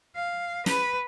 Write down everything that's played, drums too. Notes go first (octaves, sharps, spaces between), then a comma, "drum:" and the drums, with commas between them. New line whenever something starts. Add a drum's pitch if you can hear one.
F5
B4, drum: snare